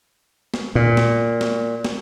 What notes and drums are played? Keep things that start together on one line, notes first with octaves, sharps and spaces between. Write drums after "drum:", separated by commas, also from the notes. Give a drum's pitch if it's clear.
drum: snare
A#2
drum: snare
drum: snare
drum: snare